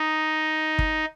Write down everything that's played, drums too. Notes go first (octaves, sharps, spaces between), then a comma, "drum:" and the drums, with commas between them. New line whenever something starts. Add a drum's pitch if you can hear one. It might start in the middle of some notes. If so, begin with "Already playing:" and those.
Already playing: D#4
drum: kick G1